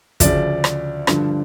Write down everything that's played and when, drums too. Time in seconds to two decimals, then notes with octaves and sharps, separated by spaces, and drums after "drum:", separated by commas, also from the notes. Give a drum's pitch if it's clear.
0.20 D2 C#3 F3 D5, drum: kick, hi-hat
0.64 drum: rim click
1.07 G2 D3 F3, drum: rim click